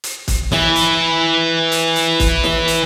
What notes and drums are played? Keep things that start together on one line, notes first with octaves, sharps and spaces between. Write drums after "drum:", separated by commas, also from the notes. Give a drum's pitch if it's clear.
drum: hi-hat
drum: kick, hi-hat
E3 E4, drum: snare
drum: hi-hat
drum: hi-hat
drum: hi-hat
drum: kick, hi-hat
drum: snare
drum: hi-hat